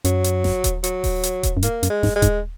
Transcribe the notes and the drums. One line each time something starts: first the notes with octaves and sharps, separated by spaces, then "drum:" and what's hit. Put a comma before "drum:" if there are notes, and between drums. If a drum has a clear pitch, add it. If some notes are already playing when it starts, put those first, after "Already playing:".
F#2 F#3, drum: hi-hat
drum: hi-hat
drum: snare F#1
drum: kick D#1, hi-hat
F#3, drum: hi-hat
drum: kick D#1, open hi-hat
drum: hi-hat
drum: kick D#1, hi-hat
F#2
G#2 A#3, drum: hi-hat
F#2, drum: hi-hat
G#3
G#2, drum: snare F#1
G#3
G#2, drum: kick D#1, hi-hat